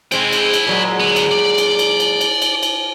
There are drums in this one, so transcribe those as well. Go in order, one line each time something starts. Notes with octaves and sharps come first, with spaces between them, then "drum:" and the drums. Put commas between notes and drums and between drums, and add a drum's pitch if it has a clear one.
G#3 C4 E4 G5, drum: cymbal
drum: cymbal
drum: cymbal
A#2 F#3 G#3
D3 B3
drum: cymbal
D5
drum: cymbal
drum: cymbal
drum: cymbal
drum: cymbal
drum: cymbal
drum: cymbal